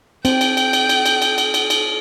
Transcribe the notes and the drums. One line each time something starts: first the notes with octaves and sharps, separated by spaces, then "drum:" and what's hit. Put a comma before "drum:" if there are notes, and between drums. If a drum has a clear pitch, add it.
C4 G5, drum: cymbal
drum: cymbal
drum: cymbal
drum: cymbal
drum: cymbal
drum: cymbal
drum: cymbal
drum: cymbal
drum: cymbal
drum: cymbal